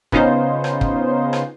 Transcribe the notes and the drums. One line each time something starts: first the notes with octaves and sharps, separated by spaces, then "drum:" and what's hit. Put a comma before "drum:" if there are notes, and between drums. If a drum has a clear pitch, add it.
C#3 B3 C#4 D#4 F4 C5, drum: kick
drum: rim click
drum: kick
drum: rim click